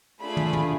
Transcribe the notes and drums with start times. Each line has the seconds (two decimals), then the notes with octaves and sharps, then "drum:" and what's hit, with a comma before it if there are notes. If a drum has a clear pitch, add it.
0.20 A3 D4 F4 G#4 B5
0.37 drum: tom
0.53 drum: tom